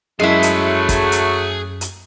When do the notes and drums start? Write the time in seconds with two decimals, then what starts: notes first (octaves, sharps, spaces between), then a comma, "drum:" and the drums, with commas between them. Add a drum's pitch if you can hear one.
0.20 F#2 F#3 G#3 A3 E4 G#4 A5 C7
0.43 drum: hi-hat
0.89 drum: kick, hi-hat
1.12 drum: hi-hat
1.81 drum: hi-hat